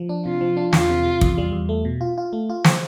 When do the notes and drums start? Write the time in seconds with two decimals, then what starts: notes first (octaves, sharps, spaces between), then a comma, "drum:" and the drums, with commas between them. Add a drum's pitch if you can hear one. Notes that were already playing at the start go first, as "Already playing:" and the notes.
Already playing: F3
0.09 D4
0.25 C3 F4
0.41 F3
0.57 D4
0.73 E2 F4, drum: snare
0.90 C3
1.05 C3
1.21 E2, drum: kick
1.38 G3
1.53 E2
1.69 A3
1.85 B2
2.01 F4
2.18 F4
2.33 A3
2.50 F4
2.64 C5, drum: snare